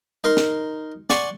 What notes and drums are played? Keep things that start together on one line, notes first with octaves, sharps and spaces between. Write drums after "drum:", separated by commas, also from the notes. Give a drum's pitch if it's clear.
D#4 A#4 C6
drum: snare
D5 F#5 G#5 C6 C#6, drum: snare